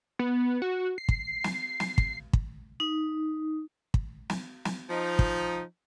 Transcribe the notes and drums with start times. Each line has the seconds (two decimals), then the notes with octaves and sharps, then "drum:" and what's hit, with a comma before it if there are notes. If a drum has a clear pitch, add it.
0.19 B3
0.62 F#4
0.98 C7
1.09 drum: kick
1.44 drum: snare
1.80 drum: snare
1.98 drum: kick
2.33 drum: kick
2.80 D#4
3.94 drum: kick
4.30 drum: snare
4.65 drum: snare
4.90 F3 D#4
5.19 drum: kick